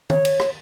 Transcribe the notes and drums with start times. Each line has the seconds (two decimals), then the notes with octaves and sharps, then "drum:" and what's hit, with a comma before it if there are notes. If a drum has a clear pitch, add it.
0.10 C#5, drum: tom
0.25 drum: cymbal
0.40 drum: rim click